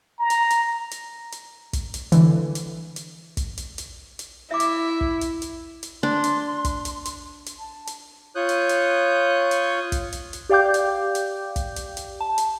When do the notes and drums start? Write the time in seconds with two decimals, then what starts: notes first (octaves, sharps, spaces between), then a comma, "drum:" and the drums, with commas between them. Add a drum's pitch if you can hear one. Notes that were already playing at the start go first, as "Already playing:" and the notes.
0.19 A#5
0.30 drum: hi-hat
0.50 drum: hi-hat
0.91 drum: hi-hat
1.32 drum: hi-hat
1.73 drum: kick, hi-hat
1.94 drum: hi-hat
2.12 D3 E3, drum: hi-hat
2.55 drum: hi-hat
2.96 drum: hi-hat
3.37 drum: kick, hi-hat
3.57 drum: hi-hat
3.78 drum: hi-hat
4.19 drum: hi-hat
4.51 E4 E5 D6
4.60 drum: hi-hat
5.01 drum: kick
5.21 drum: hi-hat
5.42 drum: hi-hat
5.83 drum: hi-hat
6.03 D4 C6
6.24 drum: hi-hat
6.65 drum: kick, hi-hat
6.85 drum: hi-hat
7.05 drum: hi-hat
7.46 drum: hi-hat
7.59 A5
7.87 drum: hi-hat
8.35 F4 C#5 D#6 F#6 G6
8.49 drum: hi-hat
8.69 drum: hi-hat
9.51 drum: hi-hat
9.92 drum: kick, hi-hat
10.12 drum: hi-hat
10.33 drum: hi-hat
10.49 G4 D5 F5 G5 D6 G6
10.74 drum: hi-hat
11.15 drum: hi-hat
11.56 drum: kick, hi-hat
11.76 drum: hi-hat
11.97 drum: hi-hat
12.21 A5
12.38 drum: hi-hat